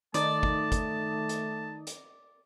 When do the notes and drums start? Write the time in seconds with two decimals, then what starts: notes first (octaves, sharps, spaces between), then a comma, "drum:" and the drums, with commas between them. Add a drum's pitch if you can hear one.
0.14 D#3 A3 D#4 D5 A5 D#6, drum: hi-hat
0.43 drum: kick
0.72 drum: kick, hi-hat
1.29 drum: hi-hat
1.87 drum: hi-hat